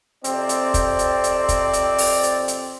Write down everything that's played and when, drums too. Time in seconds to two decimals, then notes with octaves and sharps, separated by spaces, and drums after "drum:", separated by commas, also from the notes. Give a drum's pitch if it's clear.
0.24 F2 C3 C4 D5, drum: hi-hat
0.49 drum: hi-hat
0.74 drum: kick, hi-hat
0.99 drum: hi-hat
1.24 drum: hi-hat
1.49 drum: kick, hi-hat
1.74 drum: hi-hat
1.98 drum: open hi-hat
2.23 drum: hi-hat
2.48 drum: hi-hat